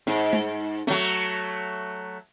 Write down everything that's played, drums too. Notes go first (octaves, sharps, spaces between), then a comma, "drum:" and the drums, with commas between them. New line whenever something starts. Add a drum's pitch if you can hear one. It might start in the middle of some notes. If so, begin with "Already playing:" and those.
G#2, drum: snare
drum: tom
F#3 A3, drum: snare